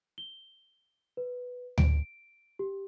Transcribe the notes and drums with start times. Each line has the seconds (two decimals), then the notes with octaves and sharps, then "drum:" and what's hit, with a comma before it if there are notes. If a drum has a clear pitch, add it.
0.18 G7
1.17 B4
1.78 D7, drum: tom D2
2.59 G4